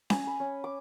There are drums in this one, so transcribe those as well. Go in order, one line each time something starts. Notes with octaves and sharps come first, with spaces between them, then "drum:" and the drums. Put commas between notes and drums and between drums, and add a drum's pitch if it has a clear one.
G#5, drum: snare C#4
B5
C#4
D6